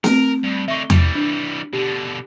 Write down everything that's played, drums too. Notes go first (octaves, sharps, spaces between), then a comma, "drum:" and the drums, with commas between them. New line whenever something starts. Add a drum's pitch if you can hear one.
A3 C4 A#4, drum: snare
G2
D3 D#4 E5 C#6
E3 G3, drum: tom E2
D4
B2 D3 G4